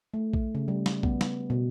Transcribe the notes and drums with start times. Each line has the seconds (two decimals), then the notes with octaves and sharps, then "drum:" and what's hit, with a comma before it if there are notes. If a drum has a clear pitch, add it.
0.14 A3
0.34 drum: kick A#1
0.55 C#3
0.68 G3
0.86 drum: snare
1.03 B3, drum: kick A#1
1.21 drum: snare
1.50 B2